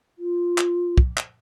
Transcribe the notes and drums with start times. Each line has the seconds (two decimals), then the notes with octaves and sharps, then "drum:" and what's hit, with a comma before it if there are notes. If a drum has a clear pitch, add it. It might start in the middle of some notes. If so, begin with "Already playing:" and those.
0.18 F4
0.58 drum: clap
0.98 drum: kick
1.17 drum: clap